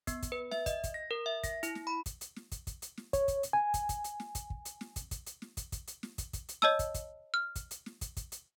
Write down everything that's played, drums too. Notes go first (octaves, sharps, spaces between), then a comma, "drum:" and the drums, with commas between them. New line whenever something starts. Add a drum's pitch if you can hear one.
B3, drum: kick, hi-hat
drum: kick, hi-hat
B4
E5, drum: snare
D#5, drum: kick, hi-hat
drum: kick, hi-hat
A#6
A#4
E5
A#6, drum: kick, hi-hat
E4, drum: hi-hat
drum: snare
B5
drum: kick, hi-hat
drum: hi-hat
drum: snare
drum: kick, hi-hat
drum: kick, hi-hat
drum: hi-hat
drum: snare
C#5, drum: kick, hi-hat
drum: kick, hi-hat
drum: hi-hat
G#5
drum: kick, hi-hat
drum: kick, hi-hat
drum: hi-hat
drum: snare
drum: kick, hi-hat
drum: kick
drum: hi-hat
drum: snare
drum: kick, hi-hat
drum: kick, hi-hat
drum: hi-hat
drum: snare
drum: kick, hi-hat
drum: kick, hi-hat
drum: hi-hat
drum: snare
drum: kick, hi-hat
drum: kick, hi-hat
drum: hi-hat
C#5 D#5 A5 E6, drum: snare
drum: kick, hi-hat
drum: kick, hi-hat
F6
drum: kick, hi-hat
drum: hi-hat
drum: snare
drum: kick, hi-hat
drum: kick, hi-hat
drum: hi-hat